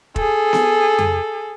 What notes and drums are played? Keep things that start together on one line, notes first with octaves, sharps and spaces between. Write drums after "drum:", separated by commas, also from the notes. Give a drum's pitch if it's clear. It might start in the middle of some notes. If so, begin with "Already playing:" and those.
G#4 A4, drum: kick
drum: snare B3
drum: tom F2